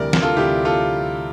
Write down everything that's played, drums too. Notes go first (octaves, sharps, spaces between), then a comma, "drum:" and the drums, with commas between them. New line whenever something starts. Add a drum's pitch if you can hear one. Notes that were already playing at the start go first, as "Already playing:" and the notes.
Already playing: D2 C3 E3 G3 A#4 D5
A#4, drum: snare
F4 A4
D2 C3 E3 G3 E4 G4
F4 A4